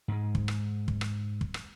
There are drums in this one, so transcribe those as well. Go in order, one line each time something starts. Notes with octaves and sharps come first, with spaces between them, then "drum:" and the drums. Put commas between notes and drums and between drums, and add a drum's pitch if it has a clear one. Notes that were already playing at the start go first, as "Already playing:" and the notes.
G#2 G#3
drum: kick
drum: rim click
drum: kick
drum: rim click
drum: kick
drum: rim click